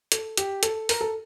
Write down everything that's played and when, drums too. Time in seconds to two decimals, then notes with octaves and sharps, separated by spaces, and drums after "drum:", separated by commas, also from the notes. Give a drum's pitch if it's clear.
0.12 A4, drum: hi-hat
0.37 G4, drum: hi-hat
0.63 A4, drum: hi-hat
0.89 A#4, drum: open hi-hat
1.01 A4